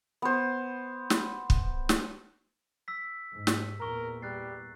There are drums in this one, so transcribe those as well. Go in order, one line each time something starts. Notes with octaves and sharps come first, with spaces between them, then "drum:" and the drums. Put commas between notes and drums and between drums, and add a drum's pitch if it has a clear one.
B3 C5
drum: snare
drum: kick
drum: snare
E6 B6
G#2
drum: snare
E2 A#2 A#4 A#5 C#6
G3 F#6 A6 C7